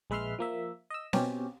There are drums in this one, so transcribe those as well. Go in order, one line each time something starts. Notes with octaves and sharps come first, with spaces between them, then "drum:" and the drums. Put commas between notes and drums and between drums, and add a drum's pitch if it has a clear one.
A#1 G#3 B4 E5 C6 F6
F3 A#3 E5
D#5 E6
B2 C4 C#4 G4, drum: snare C4